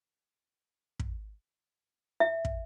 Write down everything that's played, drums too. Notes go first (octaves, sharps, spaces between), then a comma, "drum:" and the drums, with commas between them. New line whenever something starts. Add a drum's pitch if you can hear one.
drum: kick
E5
drum: kick